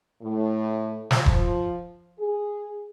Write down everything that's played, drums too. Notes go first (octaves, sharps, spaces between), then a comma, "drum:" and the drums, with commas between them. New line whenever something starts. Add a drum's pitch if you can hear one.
A2
F3, drum: snare
drum: kick E1
G#4